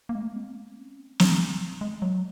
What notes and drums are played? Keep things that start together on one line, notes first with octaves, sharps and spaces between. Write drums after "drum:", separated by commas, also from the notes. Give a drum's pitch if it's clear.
A#3
G#3
C4
A#3
C4
C#4
C4
A#3, drum: snare
G#3
G#3
F#3